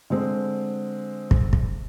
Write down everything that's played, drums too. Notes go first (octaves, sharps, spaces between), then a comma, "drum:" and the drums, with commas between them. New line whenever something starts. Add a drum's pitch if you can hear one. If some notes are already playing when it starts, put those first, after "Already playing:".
D3 G#3 C4
drum: kick
drum: kick